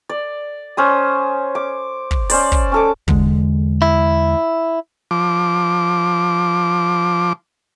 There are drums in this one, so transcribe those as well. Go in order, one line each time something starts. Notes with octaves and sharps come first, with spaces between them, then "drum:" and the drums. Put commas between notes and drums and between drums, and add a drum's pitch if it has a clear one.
D5
C#4 C5 D#6
D6
drum: kick
C#4 C5 D5, drum: open hi-hat
drum: kick
C#4 A4 D6
E2 D3 G#3, drum: kick
E4
F3 D6